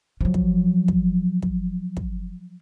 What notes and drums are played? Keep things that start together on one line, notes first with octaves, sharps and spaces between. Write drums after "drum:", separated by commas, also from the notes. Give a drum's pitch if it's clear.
F3 F#3
drum: kick
drum: kick
drum: kick
drum: kick